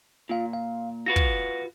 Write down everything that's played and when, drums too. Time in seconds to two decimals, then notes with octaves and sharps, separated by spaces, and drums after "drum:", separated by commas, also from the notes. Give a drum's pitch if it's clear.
0.29 A#2 F4 F5
0.53 F5
1.06 F4 F#4 B4 A#6
1.16 drum: kick